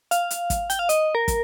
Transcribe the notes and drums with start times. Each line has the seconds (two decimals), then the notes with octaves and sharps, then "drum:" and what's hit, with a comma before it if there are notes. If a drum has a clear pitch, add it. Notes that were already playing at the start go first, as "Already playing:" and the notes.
0.11 F5, drum: hi-hat
0.31 drum: hi-hat
0.50 drum: kick, hi-hat
0.70 G5, drum: hi-hat
0.79 F5
0.89 D#5, drum: hi-hat
1.15 A#4
1.28 drum: kick, hi-hat